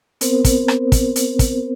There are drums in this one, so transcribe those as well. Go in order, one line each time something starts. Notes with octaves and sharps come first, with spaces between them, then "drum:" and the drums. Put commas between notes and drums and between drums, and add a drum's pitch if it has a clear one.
B3 C4 A#4 C5, drum: hi-hat
drum: kick, hi-hat
drum: rim click
drum: kick, hi-hat
drum: hi-hat
drum: kick, hi-hat